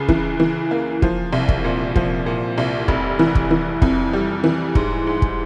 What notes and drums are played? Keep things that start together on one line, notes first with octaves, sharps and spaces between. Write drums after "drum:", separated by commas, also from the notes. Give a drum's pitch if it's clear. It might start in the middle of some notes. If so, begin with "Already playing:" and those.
Already playing: C#2 C#3
E3, drum: kick
E3
A#3
F3, drum: kick
C2
drum: kick
A#2
F3, drum: kick
A#2
C2
F1, drum: kick
E3
drum: kick
E3
F2, drum: kick
G3
E3
G#2, drum: kick
G#2
drum: kick